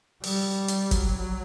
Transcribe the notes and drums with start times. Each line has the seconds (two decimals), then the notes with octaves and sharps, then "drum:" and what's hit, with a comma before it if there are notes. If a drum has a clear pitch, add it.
0.24 G3, drum: open hi-hat
0.68 drum: hi-hat
0.91 F#3, drum: kick G1, hi-hat